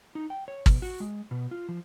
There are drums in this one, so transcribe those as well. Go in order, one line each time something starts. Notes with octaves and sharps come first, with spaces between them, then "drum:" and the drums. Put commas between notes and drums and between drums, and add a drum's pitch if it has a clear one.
D#4
G5
C#5
B2, drum: kick G#1
F#4
G#3
B2
F4
F3